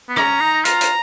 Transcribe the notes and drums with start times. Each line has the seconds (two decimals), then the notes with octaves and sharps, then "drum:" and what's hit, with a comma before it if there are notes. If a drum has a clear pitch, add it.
0.09 B3
0.16 C#4 A#5, drum: rim click
0.40 D#4
0.65 F4 A#5, drum: hi-hat
0.81 drum: hi-hat